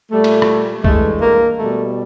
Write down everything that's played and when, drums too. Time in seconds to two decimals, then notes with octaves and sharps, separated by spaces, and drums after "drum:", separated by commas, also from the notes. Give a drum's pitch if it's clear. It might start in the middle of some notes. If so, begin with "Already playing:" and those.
0.11 A#2 G3 A3
0.24 drum: cymbal
0.42 drum: rim click
0.84 G2 E3 G#3 A3, drum: kick B1
1.21 A#3
1.58 B2 G3 A3